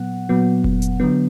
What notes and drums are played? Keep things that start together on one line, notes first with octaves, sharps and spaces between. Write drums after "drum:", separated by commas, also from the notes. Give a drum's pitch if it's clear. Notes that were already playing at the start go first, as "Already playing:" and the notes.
Already playing: A#2 F#3 B3 F#5
A#2 F#3 B3
drum: kick F1
drum: hi-hat
D3 F#3 B3